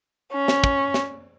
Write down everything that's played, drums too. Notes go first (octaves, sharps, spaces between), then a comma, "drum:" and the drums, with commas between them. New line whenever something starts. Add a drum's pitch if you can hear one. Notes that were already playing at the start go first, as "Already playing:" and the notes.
C#4
drum: snare
drum: kick
drum: snare